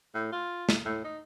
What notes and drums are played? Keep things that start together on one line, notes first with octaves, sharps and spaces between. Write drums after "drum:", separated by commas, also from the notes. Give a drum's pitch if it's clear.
A2
F4
drum: snare
A2
D#4